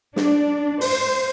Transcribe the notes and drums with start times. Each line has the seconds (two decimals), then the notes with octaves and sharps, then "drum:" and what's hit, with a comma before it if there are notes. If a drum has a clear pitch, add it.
0.16 D4, drum: snare
0.81 C5, drum: open hi-hat